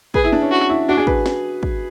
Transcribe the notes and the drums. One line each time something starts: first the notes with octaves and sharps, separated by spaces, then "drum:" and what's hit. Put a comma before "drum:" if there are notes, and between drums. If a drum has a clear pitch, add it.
G#4 B4, drum: kick
E4
D4
C#4
F#4
E4
D4 F#4
G#4
B4, drum: kick
drum: snare
drum: kick